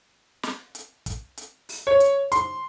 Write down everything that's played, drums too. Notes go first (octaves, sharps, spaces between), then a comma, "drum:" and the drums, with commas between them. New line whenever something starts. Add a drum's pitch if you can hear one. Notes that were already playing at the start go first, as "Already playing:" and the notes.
drum: snare
drum: hi-hat
drum: kick, hi-hat
drum: hi-hat
drum: open hi-hat
C#5
drum: hi-hat
C6, drum: hi-hat